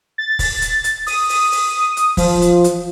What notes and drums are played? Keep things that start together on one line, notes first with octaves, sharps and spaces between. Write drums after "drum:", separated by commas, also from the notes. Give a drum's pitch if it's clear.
A6
drum: kick, open hi-hat
drum: hi-hat
drum: hi-hat
D#6, drum: open hi-hat
drum: open hi-hat
drum: open hi-hat
drum: hi-hat
F3, drum: kick, open hi-hat
drum: hi-hat
drum: hi-hat